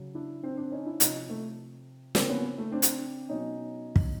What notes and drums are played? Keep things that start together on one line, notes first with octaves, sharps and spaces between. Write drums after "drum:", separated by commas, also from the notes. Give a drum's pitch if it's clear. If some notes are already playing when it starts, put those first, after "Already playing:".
Already playing: C#3 F#3
D4 E4
C4 D4
C4 D4
C#4 D#4
D4 E4
C3 F3 C#4 D#4, drum: hi-hat
A3
C#3 F3 A#3 C4, drum: snare
B3 C#4
A3
C4 D4
drum: hi-hat
B2 F#3 C#4 D#4
drum: kick